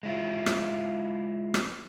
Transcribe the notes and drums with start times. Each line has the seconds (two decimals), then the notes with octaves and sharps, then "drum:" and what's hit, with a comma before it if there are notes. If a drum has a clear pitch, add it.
0.03 G#3 E4 F4
0.46 drum: rim click
1.54 drum: rim click